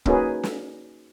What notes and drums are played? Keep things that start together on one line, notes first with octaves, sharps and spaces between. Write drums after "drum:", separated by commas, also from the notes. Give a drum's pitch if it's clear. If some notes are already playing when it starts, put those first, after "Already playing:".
A#3 C#4 D#4 F#4 G#4 B4, drum: kick
drum: snare